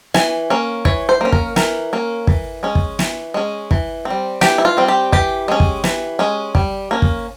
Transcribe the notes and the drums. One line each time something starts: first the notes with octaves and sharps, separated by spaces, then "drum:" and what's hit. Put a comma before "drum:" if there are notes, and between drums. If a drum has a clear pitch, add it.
E3 G#5, drum: snare
A#3 C#4
E3 C#5, drum: kick
C5
A#3 C#4
A#4, drum: kick
E3 A#4, drum: snare
A#3 C#4
E3, drum: kick
G#3 C#4
drum: kick
E3, drum: snare
G#3 C#4
E3, drum: kick
C4
G3
E3 G4, drum: snare
E4
F4
G3 C4
G4
E3 G4, drum: kick
G#3 C#4
drum: kick
E3, drum: snare
G#3 C#4
G3, drum: kick
A#3 C#4
drum: kick